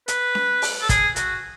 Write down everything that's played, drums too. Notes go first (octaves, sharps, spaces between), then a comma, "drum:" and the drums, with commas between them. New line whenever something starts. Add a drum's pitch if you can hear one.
B4, drum: hi-hat
drum: snare C#4
drum: open hi-hat
A4
G#4, drum: kick, hi-hat
F#4, drum: hi-hat